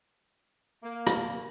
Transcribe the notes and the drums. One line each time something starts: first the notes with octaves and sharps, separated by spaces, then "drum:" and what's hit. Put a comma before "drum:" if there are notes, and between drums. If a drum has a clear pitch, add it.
A#3
drum: rim click